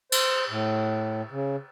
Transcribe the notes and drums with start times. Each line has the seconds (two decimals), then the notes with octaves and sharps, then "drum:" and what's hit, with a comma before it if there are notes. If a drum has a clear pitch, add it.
0.12 C5, drum: cymbal
0.50 A2
1.31 C#3